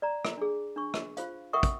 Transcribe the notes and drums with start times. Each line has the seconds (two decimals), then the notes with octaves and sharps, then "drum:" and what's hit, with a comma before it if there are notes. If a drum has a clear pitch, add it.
0.02 D5 A#5
0.25 drum: rim click
0.37 D4 G#4
0.76 D4 C#6
0.94 drum: rim click
1.17 F4 C5 F5, drum: hi-hat
1.53 A#4 E5 F#5 G5 C#6 D#6
1.63 drum: kick, hi-hat